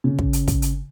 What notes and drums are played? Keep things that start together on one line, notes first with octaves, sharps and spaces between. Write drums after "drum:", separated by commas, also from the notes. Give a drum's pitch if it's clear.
C#3
drum: kick
drum: hi-hat
drum: kick, hi-hat
drum: hi-hat